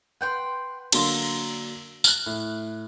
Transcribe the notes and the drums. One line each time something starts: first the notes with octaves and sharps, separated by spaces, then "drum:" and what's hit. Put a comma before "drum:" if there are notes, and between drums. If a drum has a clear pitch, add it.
B4 F#5 G5 C6
D3 F#3 A#3 A#5 C6 E6, drum: cymbal
F6 F#6, drum: tambourine
A2